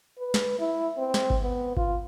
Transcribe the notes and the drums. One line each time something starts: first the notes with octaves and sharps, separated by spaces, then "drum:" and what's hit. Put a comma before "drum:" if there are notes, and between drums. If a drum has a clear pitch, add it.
B4
drum: snare
E4
C4
drum: snare
drum: kick G1
B3
F4, drum: kick G1